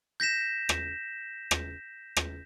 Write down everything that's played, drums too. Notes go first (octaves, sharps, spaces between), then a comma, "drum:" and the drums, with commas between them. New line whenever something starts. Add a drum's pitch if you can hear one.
G6 A#6 B6 E7
drum: rim click
drum: rim click
drum: rim click